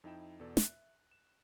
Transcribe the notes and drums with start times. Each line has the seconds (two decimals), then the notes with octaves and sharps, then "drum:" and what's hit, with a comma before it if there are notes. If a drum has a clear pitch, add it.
0.04 F2 D#4 E4 G5 E7
0.40 E2 B2 A4 D5
0.57 E5 F#6, drum: snare
1.11 E7